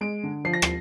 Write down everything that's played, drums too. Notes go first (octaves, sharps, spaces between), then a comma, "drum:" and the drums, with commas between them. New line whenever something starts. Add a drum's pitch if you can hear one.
G#3 D7
D3
F3 C7
A#6
C7, drum: rim click